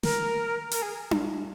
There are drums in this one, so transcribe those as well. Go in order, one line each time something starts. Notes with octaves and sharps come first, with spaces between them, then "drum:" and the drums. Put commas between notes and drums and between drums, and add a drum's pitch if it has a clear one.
A#4, drum: snare
A#4, drum: hi-hat
G#4
drum: tom D4